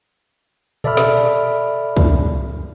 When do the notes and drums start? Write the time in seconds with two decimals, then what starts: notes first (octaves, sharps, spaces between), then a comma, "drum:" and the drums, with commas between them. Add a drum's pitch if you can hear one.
0.84 A4 D5 E5 B5 F6, drum: tom A#2
0.97 drum: snare
1.97 drum: kick C2